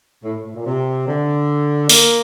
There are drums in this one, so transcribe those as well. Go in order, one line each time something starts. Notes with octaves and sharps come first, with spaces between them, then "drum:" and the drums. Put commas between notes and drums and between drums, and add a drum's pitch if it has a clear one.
A2
A2
A#2
C3
D3
A#3, drum: open hi-hat